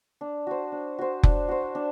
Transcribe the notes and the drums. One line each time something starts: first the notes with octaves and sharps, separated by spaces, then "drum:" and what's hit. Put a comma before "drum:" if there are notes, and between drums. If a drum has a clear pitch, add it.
D4
F#4 C5
D4
F#4 C5
D4, drum: kick F1
F#4 C5
D4